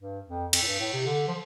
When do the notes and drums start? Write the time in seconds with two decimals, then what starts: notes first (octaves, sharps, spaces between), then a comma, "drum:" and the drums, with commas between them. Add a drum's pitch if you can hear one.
0.01 G2
0.27 F2
0.53 F2, drum: cymbal
0.62 A2
0.67 G2
0.80 A2
0.93 C3
1.06 D3
1.28 F3